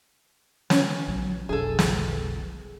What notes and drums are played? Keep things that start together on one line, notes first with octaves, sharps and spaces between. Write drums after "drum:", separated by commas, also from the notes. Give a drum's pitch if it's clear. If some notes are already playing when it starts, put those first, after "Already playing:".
C#4, drum: snare
A#1 E3 F#3
F1 B1 G#4 A4
drum: snare